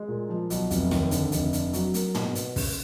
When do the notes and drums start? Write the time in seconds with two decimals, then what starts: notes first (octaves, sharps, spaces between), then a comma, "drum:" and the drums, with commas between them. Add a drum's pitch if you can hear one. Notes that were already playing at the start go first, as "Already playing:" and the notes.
Already playing: G#3
0.08 A#2
0.29 F3
0.50 B1, drum: hi-hat
0.71 F1, drum: hi-hat
0.91 D#2, drum: snare
1.11 D3, drum: hi-hat
1.32 F1, drum: hi-hat
1.53 D4, drum: hi-hat
1.73 F#3, drum: hi-hat
1.94 A#3, drum: hi-hat
2.15 B2, drum: tom
2.35 B3, drum: hi-hat
2.56 C#3, drum: kick, open hi-hat